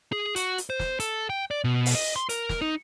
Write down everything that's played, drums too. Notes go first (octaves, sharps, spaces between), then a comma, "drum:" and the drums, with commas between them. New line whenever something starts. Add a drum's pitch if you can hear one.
G#4
F#4, drum: hi-hat
drum: hi-hat
C5
drum: snare
A4, drum: hi-hat
G5
D5
B2
drum: open hi-hat
D#5
C6
A#4, drum: hi-hat
drum: snare
D#4